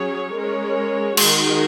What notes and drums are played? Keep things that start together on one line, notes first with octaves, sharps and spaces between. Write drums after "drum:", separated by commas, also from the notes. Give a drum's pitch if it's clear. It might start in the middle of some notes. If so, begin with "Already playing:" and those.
Already playing: F#3 C#4 G#4 C#5
G#3 C#4 A#4 C#5
D#3 G#3 D#4 F#4, drum: cymbal